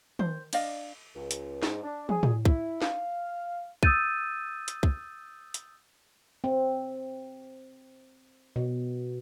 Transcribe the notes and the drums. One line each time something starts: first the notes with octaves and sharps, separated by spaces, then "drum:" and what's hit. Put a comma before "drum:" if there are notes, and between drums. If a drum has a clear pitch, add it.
C5, drum: tom D#3
D4 D5 D#5 F5, drum: cymbal
C#2
drum: hi-hat
G#2, drum: snare
D4
G#4, drum: tom
drum: tom A2
E4, drum: kick
F5, drum: snare
D#6 E6 G6 A6 D#7, drum: kick
drum: hi-hat
drum: kick
drum: hi-hat
C4
B2